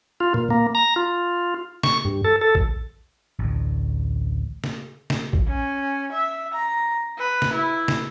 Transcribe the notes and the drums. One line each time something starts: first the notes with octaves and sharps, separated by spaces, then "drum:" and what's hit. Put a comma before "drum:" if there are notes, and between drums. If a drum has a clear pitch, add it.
F4
A#2
A#3
A#5
F4
C#6, drum: snare
G2
A4
A4
drum: kick
A1 D2
drum: snare
drum: snare
drum: kick
C#4
E5
A#5
B4
drum: snare
E4
drum: snare